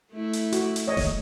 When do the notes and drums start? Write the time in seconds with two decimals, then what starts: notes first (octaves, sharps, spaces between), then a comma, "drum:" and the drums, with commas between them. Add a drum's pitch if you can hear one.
0.12 A3 E4
0.33 drum: hi-hat
0.52 F#4, drum: hi-hat
0.76 drum: hi-hat
0.87 C#5 D#5
0.97 drum: snare D#1